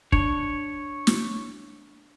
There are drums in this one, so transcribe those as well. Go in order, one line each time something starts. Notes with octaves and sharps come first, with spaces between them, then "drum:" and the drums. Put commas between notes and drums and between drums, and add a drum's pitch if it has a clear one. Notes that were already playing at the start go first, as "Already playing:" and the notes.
D4 C#5, drum: kick
drum: snare